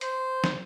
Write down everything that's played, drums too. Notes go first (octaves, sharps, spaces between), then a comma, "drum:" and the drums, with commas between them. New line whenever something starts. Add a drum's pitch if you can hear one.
C5, drum: hi-hat
drum: snare